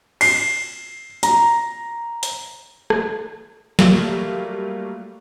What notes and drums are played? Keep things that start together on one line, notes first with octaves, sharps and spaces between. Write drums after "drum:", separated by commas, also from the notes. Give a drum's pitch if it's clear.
C7, drum: cymbal
A#5, drum: hi-hat
drum: hi-hat
drum: rim click
F#3 G3 A3 A#3 F4, drum: snare